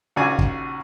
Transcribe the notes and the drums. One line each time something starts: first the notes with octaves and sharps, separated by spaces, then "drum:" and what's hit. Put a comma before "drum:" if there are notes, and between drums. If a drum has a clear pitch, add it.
A#1 D#2 C#3 F#4 D5 G#5
drum: kick